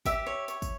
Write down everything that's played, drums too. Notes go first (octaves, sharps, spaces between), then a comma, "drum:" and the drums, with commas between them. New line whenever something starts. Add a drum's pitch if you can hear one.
G4 E5, drum: kick, tambourine
C#5
C#5, drum: tambourine
drum: kick, tambourine